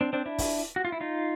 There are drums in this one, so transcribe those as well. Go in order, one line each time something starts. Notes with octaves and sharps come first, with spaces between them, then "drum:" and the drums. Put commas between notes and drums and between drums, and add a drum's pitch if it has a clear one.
C4 D4
C4 D4
D4 E4
drum: kick, open hi-hat
F#4
F4
E4
D#4 F4